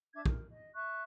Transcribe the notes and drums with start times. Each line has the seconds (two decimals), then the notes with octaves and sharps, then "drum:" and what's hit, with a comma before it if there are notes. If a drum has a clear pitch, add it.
0.13 D4 E5 D6 G#6
0.26 A#4, drum: kick
0.49 D#5
0.73 E5 C#6 F#6